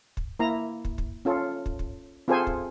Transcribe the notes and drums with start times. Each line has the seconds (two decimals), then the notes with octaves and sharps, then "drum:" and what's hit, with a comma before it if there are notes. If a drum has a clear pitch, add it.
0.17 drum: kick
0.39 A#3 E4 A#5
0.85 drum: kick
0.98 drum: kick
1.25 C#4 F4 A4
1.66 drum: kick
1.79 drum: kick
2.28 C4 F4 G#4 A4 C5 G#5
2.47 drum: kick